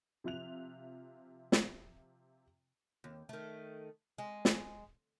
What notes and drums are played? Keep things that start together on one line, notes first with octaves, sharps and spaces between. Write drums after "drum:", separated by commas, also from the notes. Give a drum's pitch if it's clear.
C3 F3 F4 E5 F#6 F7
drum: snare
D#2
D#3 A3
G#3
drum: snare